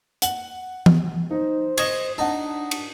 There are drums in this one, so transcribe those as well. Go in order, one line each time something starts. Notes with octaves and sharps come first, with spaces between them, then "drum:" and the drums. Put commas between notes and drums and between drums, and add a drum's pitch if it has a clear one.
F#5 F#7, drum: hi-hat
drum: tom E3
D#4 C5
D#5 C#6 G#6 E7 G7, drum: cymbal
D4 D#4 F#5 A5
drum: cymbal